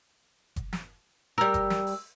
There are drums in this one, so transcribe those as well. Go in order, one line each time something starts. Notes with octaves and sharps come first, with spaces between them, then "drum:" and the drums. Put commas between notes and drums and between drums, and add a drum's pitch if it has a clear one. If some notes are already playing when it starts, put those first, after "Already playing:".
drum: kick F#1, hi-hat
drum: snare
G3 A#4 E6
drum: kick F#1, hi-hat
drum: snare
drum: open hi-hat